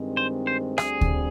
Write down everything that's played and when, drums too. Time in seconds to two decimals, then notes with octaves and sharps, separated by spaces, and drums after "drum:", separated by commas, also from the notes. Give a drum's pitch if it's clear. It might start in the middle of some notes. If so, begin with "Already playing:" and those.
Already playing: G2 D#3 G#3 C4
0.17 C5
0.47 C5
0.78 D2 D3 G3 C4 G#4, drum: rim click
1.01 drum: kick D2